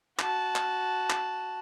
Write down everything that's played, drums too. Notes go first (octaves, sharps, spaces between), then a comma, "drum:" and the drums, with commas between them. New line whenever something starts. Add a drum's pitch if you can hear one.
F#4 A5, drum: clap
drum: clap
drum: clap